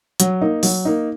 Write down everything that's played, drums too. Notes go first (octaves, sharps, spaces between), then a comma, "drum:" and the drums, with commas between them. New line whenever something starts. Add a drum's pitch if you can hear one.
F#3, drum: hi-hat
A#3 D#4
F#3, drum: open hi-hat
A#3 D#4